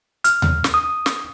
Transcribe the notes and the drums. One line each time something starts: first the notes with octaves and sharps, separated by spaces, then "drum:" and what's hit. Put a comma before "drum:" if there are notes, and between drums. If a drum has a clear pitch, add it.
F6, drum: hi-hat
drum: tom D#2
drum: snare
D#6
drum: snare